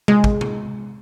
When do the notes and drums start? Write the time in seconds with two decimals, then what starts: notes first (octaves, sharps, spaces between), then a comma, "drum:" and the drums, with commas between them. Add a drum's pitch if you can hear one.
0.08 G#3, drum: tom C3
0.24 drum: kick
0.41 drum: tom C3